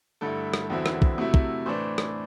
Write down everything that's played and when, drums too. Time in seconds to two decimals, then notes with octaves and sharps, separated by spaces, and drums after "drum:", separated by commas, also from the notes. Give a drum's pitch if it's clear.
0.21 G2 D3 A3 E4 A4
0.54 drum: rim click
0.70 E2 D3 F#3 C4 E4
0.86 drum: rim click
1.02 drum: kick
1.18 C3 F#3 A3 E4
1.34 drum: kick
1.66 A2 E3 A3 D4 C5
1.98 drum: rim click